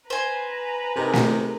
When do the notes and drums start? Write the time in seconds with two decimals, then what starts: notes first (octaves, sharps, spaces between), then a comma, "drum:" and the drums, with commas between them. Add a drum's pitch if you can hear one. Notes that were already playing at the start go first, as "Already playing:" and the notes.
0.10 B4 C5 G#5 A#5
0.96 C3 D#4 G#4 A#4
1.13 drum: snare